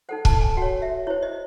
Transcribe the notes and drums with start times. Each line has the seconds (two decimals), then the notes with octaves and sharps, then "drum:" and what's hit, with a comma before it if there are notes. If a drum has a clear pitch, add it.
0.09 D#4 A4 C5 F#5
0.25 A5, drum: kick
0.41 G#5
0.57 F#4 C#5 F#5
0.82 E5
1.07 E4 C5 C#5
1.22 D#5